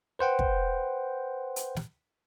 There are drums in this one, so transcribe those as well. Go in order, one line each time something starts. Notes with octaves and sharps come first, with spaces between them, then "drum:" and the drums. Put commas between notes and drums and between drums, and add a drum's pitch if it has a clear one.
B4 C5 F#5 G5
drum: kick
drum: hi-hat
drum: snare